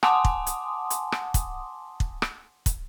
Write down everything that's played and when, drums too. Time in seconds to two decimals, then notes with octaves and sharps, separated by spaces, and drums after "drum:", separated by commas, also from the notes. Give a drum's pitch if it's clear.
0.03 F#5 G#5 A5 C6 D6 D#6, drum: rim click
0.25 drum: kick
0.47 drum: hi-hat
0.90 drum: hi-hat
1.12 drum: rim click
1.34 drum: kick, hi-hat
2.00 drum: kick
2.22 drum: rim click
2.66 drum: kick, hi-hat